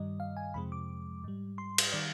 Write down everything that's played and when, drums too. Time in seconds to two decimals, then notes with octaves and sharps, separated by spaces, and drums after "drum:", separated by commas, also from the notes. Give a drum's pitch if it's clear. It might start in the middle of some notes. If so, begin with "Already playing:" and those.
Already playing: G2 D#3 G3 D#5
0.20 F5
0.37 G#5
0.54 F2 C3 F3 G#3 B5
0.72 D6
1.24 G#2 G3
1.58 C6
1.78 drum: cymbal
1.92 D#3 G3 D5